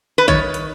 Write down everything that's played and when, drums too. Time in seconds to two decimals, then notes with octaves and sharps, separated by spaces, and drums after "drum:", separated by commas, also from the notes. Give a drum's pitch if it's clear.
0.18 B4
0.28 D#3 C#5, drum: kick
0.54 drum: hi-hat